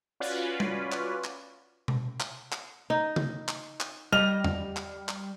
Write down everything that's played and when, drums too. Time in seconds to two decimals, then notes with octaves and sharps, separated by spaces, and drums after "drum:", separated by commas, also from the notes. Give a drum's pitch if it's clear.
0.20 C#4 F4 F#4 B4 D5
0.60 drum: tom G3
0.92 drum: clap
1.24 drum: clap
1.88 drum: tom B2
2.20 drum: clap
2.52 drum: clap
2.90 D#4
3.16 drum: tom C#3
3.48 drum: clap
3.80 drum: clap
4.12 G3 D#5 F6 F7
4.44 drum: tom E2
4.76 drum: clap
5.09 drum: clap